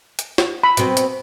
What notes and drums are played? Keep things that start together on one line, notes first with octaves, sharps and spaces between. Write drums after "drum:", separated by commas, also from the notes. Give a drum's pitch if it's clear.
drum: hi-hat
drum: snare
B5
B2 C4, drum: hi-hat
drum: hi-hat